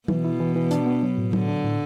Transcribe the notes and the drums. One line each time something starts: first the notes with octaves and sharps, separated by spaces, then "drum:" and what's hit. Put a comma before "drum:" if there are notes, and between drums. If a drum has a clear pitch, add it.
B2 E3, drum: tom
E4
E3
E3
D4, drum: hi-hat
B3
F#3
A2
D3 F#3, drum: tom
D4
A2